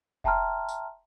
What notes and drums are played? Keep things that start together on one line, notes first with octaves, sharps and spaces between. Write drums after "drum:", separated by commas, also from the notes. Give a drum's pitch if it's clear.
E5 G5 A5 A#5 C6 F6, drum: kick F1
drum: tambourine